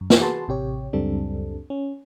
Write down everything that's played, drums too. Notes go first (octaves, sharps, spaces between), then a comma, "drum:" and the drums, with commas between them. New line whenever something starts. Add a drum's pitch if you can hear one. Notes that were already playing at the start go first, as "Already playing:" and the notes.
F#2
drum: snare
F#4 G#4 B4 A5 C6
A1 C3 G4 C#5
C#2 F#2 G3 C4 D4 A4
C#4